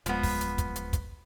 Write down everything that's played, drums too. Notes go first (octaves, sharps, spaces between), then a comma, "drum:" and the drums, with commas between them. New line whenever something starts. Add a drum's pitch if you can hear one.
D1 F3 G#3 B3, drum: hi-hat
drum: kick, open hi-hat
drum: hi-hat
drum: kick, hi-hat
drum: hi-hat
drum: kick, hi-hat